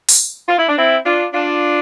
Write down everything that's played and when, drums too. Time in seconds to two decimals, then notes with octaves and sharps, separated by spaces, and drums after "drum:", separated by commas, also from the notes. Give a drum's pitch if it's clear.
0.09 drum: open hi-hat
0.49 F4
0.59 E4
0.68 D4
0.78 C4 E4
1.06 D4 F4
1.34 D4 F4